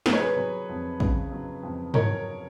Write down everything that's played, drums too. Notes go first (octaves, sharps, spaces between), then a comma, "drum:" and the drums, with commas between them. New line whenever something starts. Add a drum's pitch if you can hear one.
F#3 B4, drum: snare
C#5
G#4 B4
F#3
F2
C#3, drum: kick
F#3
F2
F#3 A#4 C#5, drum: tom